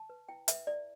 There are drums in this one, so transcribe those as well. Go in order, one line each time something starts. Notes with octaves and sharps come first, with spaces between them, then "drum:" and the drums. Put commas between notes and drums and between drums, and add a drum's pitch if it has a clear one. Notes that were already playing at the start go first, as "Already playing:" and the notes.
Already playing: A5
B4
E4 G5
B4 E5, drum: hi-hat
E4 D5